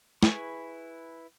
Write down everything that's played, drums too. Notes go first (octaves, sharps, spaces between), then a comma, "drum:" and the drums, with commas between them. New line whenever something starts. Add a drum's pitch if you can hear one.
E4 G#4 B4 G#5 C#6, drum: snare